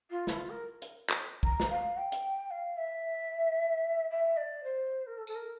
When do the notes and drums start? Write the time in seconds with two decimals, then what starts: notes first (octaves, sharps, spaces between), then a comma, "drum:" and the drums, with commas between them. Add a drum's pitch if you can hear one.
0.10 F4
0.27 E4, drum: snare
0.36 F4
0.49 A#4
0.82 drum: hi-hat
1.10 drum: clap
1.43 A#5, drum: kick
1.60 drum: snare
1.70 F5
1.97 G5
2.12 drum: hi-hat
2.50 F5
2.77 E5
4.10 E5
4.36 D5
4.63 C5
5.06 A#4
5.17 A4
5.27 A4, drum: tambourine
5.34 A#4